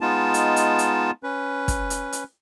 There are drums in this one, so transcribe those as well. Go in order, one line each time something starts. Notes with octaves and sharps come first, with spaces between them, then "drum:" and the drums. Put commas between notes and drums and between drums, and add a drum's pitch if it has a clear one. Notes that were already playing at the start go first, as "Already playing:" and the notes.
G#3 B3 D#4 F4 A5
drum: hi-hat
drum: hi-hat
drum: hi-hat
C#4 B4
drum: kick, hi-hat
drum: hi-hat
drum: hi-hat